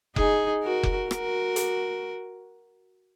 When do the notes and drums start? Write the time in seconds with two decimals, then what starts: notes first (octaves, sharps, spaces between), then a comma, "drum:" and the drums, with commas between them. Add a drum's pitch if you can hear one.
0.16 D#4 G#4, drum: kick F1
0.64 F#4 A#4
0.83 drum: kick F1
1.11 F#4 A#4, drum: rim click
1.56 drum: hi-hat